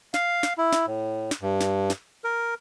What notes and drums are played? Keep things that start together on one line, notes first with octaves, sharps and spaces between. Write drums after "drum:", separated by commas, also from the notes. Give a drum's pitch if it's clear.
F5, drum: snare
drum: snare
E4
drum: snare
A2
drum: snare
G2
drum: snare
drum: snare
A#4